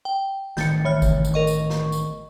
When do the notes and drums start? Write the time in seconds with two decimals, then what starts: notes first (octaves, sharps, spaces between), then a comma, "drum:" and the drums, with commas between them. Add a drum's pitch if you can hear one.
0.05 G5
0.57 A1 D#3 A3 G6 A6 C#7, drum: snare
0.85 E3 C#5 F6
1.02 drum: kick G#1, tambourine
1.25 drum: tambourine
1.34 A#4 D#5 C#6
1.47 drum: tambourine
1.70 drum: snare
1.92 drum: tambourine